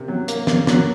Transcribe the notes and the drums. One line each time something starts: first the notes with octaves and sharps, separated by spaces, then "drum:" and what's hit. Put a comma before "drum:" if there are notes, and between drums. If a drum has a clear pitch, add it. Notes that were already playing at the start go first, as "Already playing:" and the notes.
Already playing: C3 A#3 C#4
F#3
A#3, drum: hi-hat
A#3, drum: snare
F#3, drum: snare